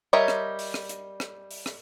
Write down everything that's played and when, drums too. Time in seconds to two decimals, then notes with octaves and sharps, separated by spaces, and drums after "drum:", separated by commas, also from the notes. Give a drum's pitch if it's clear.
0.13 G3 A#4 C#5 D#5 E5
0.28 drum: rim click
0.59 drum: open hi-hat
0.74 drum: rim click
0.89 drum: hi-hat
1.20 drum: rim click
1.51 drum: open hi-hat
1.66 drum: rim click